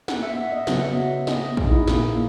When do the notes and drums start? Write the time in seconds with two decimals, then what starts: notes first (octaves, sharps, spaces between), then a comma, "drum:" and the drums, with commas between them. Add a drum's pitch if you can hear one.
0.08 F#5, drum: snare
0.23 E5
0.37 E5
0.52 D#5
0.67 C#3 F#3 B3 F#5, drum: snare
0.82 E5
1.27 D#5, drum: snare
1.57 G#4, drum: kick A#1
1.67 D#4
1.71 E4
1.87 A#2 A#3, drum: snare